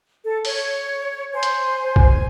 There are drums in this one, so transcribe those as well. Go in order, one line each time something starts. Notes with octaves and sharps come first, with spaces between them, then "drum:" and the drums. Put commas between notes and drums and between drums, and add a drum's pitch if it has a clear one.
A4
C#5, drum: open hi-hat
C5 G#5
drum: hi-hat
drum: kick B1
G#5